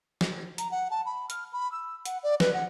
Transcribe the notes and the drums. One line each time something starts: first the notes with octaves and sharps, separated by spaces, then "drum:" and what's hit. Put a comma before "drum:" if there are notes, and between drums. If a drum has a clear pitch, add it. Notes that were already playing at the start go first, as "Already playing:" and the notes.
drum: snare
A#5, drum: hi-hat
F#5
A5
B5
F6, drum: hi-hat
B5
E6
F#5, drum: hi-hat
D5
B4, drum: snare
F#5